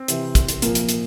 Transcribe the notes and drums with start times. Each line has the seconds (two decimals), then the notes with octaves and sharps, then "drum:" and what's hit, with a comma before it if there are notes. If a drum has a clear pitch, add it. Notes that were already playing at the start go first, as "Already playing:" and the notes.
Already playing: C4
0.08 C3 E3, drum: hi-hat
0.35 drum: kick, hi-hat
0.49 drum: hi-hat
0.62 A#2 F3 A#3, drum: hi-hat
0.75 drum: hi-hat
0.89 drum: hi-hat